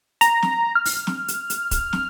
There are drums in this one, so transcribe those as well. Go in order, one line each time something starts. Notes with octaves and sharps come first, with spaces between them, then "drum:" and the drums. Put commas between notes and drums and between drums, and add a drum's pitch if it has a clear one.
A#5, drum: hi-hat
drum: snare
F6
drum: open hi-hat
drum: snare
drum: hi-hat
drum: hi-hat
drum: kick, hi-hat
drum: snare